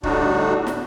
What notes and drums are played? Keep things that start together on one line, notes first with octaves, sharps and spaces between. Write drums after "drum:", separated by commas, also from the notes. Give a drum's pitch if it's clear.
A2 D3 G3 D4 D#4 F#4, drum: kick
drum: snare